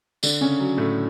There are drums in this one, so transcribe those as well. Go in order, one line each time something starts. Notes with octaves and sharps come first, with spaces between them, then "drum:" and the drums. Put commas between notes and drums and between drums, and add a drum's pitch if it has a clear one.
D3 D4, drum: tambourine
C#3 C#4
F#3
A2 A3